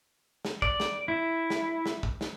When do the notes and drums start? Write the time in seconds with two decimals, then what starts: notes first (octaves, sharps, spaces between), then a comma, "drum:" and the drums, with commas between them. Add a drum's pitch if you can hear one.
0.45 drum: snare
0.62 D5, drum: kick
0.80 drum: snare
1.08 E4
1.50 drum: snare
1.86 drum: snare
2.03 drum: kick
2.21 drum: snare